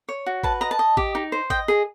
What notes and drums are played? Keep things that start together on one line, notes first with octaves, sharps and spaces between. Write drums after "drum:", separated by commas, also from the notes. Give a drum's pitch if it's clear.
C#5
F#4
B4 A5, drum: kick
D#5 A#5
A5
D#5
G4, drum: kick
D#4
C5
D#5 G5, drum: kick
G#4